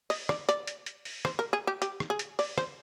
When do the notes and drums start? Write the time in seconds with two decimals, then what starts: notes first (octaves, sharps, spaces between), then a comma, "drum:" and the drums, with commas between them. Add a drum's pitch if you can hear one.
0.10 D#5, drum: open hi-hat
0.29 D5, drum: rim click
0.49 D5, drum: hi-hat
0.67 drum: hi-hat
0.86 drum: hi-hat
1.05 drum: open hi-hat
1.25 C5, drum: rim click
1.39 A#4
1.53 G#4
1.67 G4
1.82 G4, drum: hi-hat
2.00 drum: rim click
2.10 G#4
2.19 drum: hi-hat
2.39 D5, drum: open hi-hat
2.58 C5, drum: rim click